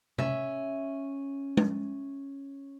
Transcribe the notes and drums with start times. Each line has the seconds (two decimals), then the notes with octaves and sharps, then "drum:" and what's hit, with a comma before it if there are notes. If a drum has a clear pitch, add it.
0.18 C#4 E5, drum: tom C3
1.57 drum: tom G#3